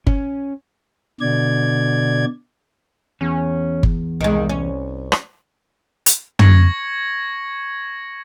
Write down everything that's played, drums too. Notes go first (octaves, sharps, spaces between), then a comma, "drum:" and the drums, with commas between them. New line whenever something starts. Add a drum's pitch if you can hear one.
C#4, drum: kick G1
B2 D3 D5 G#6
E2 C#4
drum: kick G1
C2 D#3 G#3
C#4
drum: rim click
drum: hi-hat
C#6 G#6 A#6 C#7 F#7, drum: tom